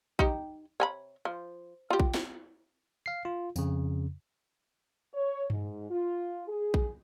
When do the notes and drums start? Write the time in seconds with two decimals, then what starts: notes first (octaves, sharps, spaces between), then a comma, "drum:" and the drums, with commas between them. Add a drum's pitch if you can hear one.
0.19 D#4 G4, drum: kick A#1
0.80 C#5 G#5 B5
1.25 F3
1.90 F4 G4
2.00 drum: kick A#1
2.14 drum: snare
3.06 F5 C7
3.25 F4
3.56 F2 C#3, drum: tambourine
5.14 C#5
5.50 G#2, drum: tom G2
5.90 F4
6.48 G#4
6.74 drum: kick A#1